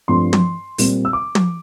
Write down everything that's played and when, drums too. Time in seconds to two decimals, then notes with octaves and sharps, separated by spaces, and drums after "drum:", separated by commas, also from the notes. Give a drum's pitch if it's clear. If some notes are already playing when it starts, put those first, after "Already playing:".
0.08 G2 F3 A3 C4 C6
0.33 drum: tom
0.78 A#2 G3 C4, drum: open hi-hat
1.05 E6
1.13 D6
1.35 drum: tom